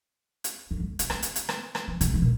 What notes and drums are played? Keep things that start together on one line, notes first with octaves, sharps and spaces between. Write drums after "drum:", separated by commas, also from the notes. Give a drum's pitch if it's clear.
drum: hi-hat
F2
G2
C#3, drum: hi-hat
D3, drum: rim click
drum: hi-hat
drum: hi-hat
drum: rim click
drum: rim click
E3
D3, drum: hi-hat
E3
A#2